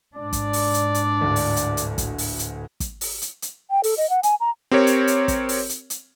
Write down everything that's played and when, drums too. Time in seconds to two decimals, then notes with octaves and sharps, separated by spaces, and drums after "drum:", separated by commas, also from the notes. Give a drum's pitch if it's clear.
0.16 G#2 D4 D5
0.33 drum: kick, hi-hat
0.53 drum: open hi-hat
0.74 drum: hi-hat
0.94 drum: hi-hat
1.21 D1 D2
1.36 drum: open hi-hat
1.56 drum: hi-hat
1.77 drum: hi-hat
1.98 drum: kick, hi-hat
2.18 drum: open hi-hat
2.39 drum: hi-hat
2.80 drum: kick, hi-hat
3.01 drum: open hi-hat
3.22 drum: hi-hat
3.42 drum: hi-hat
3.71 G5
3.84 A4, drum: open hi-hat
3.97 D#5
4.10 F#5
4.23 G#5, drum: hi-hat
4.40 A#5
4.71 C4 G4 A#4 C#5
4.87 drum: hi-hat
5.07 drum: hi-hat
5.28 drum: kick, hi-hat
5.49 drum: open hi-hat
5.69 drum: hi-hat
5.90 drum: hi-hat